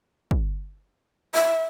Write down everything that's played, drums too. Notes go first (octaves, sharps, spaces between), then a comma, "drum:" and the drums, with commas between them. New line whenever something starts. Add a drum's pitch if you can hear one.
drum: kick
E5